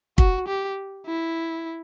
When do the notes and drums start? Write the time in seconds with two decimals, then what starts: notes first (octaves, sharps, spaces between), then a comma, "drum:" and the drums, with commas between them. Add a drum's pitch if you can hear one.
0.18 F#4, drum: kick
0.48 G4
1.07 E4